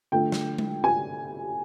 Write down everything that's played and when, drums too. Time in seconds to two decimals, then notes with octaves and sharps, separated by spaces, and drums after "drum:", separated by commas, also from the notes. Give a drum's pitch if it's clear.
0.12 D3 F3 A3 G5
0.32 drum: snare
0.58 drum: tom G#3
0.84 G#5